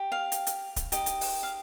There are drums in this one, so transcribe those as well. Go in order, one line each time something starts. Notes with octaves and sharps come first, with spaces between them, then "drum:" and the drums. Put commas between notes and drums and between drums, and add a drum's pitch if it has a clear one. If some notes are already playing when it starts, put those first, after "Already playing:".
Already playing: G4
F5
drum: hi-hat
drum: hi-hat
drum: kick C#1, hi-hat
D#4 G4 D#5, drum: hi-hat
drum: hi-hat
drum: open hi-hat
F5